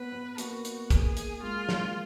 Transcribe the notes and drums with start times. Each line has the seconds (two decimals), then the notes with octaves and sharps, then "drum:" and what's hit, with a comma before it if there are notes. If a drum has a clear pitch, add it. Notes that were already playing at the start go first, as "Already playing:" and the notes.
Already playing: B3 B4
0.12 B3
0.38 A#3 F#4, drum: hi-hat
0.65 drum: hi-hat
0.90 G#4, drum: kick, hi-hat
1.17 drum: hi-hat
1.43 G#3 F4
1.69 drum: snare